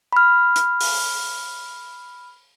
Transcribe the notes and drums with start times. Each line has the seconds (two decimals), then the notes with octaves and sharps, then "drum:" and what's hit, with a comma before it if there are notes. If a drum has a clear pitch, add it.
0.13 B5 F6
0.56 drum: hi-hat
0.81 drum: open hi-hat